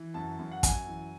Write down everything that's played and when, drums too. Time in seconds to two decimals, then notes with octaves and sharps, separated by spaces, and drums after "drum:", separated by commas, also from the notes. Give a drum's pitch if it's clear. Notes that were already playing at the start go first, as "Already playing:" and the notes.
Already playing: E3
0.14 F#2 A5
0.39 F#2
0.51 F#5
0.63 F#2 G#5, drum: kick, hi-hat
0.87 E3